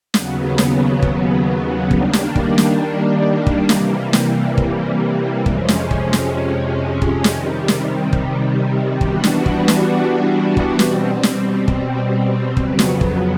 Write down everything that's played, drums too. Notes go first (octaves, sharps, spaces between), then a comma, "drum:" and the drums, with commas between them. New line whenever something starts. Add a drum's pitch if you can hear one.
D#2 C#3 F#3 B3, drum: snare
drum: snare
drum: kick
D#3 G3 A#3 D4, drum: kick
drum: snare
drum: kick
drum: snare
drum: kick
C3 E3 G3 A#3, drum: snare
drum: snare
drum: kick
F2 C3 F3 G#3 C#4, drum: kick
drum: snare
drum: kick
drum: snare
drum: kick
C3 D#3 G3, drum: snare
drum: snare
drum: kick
E3 G3 B3 D4 F#4, drum: kick
drum: snare
drum: kick
drum: snare
drum: kick
B2 G3 C4, drum: snare
drum: snare
drum: kick
F2 C#3 F#3 B3, drum: kick
drum: snare
drum: kick